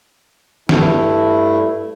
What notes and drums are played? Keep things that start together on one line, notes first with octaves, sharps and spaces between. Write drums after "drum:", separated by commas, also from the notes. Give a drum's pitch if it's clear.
G2 A3 E4, drum: snare